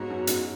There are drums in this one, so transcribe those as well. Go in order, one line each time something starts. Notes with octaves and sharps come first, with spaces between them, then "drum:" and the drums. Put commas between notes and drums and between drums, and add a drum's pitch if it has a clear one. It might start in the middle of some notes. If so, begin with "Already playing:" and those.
Already playing: G#2 B3 F#4 C#5
F#2
G#2, drum: hi-hat